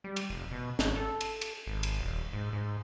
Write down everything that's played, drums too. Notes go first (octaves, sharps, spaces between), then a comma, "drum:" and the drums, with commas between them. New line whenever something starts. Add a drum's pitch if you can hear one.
G3
drum: cymbal
F1
B2
G#1, drum: snare
A4
drum: cymbal
drum: cymbal
G#1
drum: cymbal
D#1
G#2
G#2